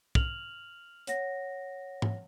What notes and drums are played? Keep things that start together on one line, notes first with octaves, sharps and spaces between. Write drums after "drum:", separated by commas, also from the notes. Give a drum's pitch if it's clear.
F6 F7 F#7, drum: kick
C#5 F#5 A#6, drum: hi-hat
drum: tom G#2